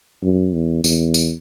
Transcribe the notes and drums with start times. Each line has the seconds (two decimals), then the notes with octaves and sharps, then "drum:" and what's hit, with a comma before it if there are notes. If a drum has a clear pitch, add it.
0.23 F#2
0.54 E2
0.84 E2, drum: tambourine
1.14 drum: tambourine